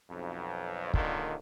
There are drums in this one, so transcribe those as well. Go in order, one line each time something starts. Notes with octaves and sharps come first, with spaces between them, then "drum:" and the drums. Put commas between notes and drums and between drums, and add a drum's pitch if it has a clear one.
B1 F2
C#2 A#2 D3 D#3, drum: kick